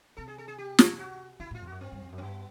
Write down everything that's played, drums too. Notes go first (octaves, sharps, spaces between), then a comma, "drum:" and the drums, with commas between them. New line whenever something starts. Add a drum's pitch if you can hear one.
C3 A4
G#4
A4
G#4
G4
drum: snare
F#4
D3 E4
A2 F4
F2
F#4
F#2
G2 C4
G2
F2
F#2
C4
G2 B3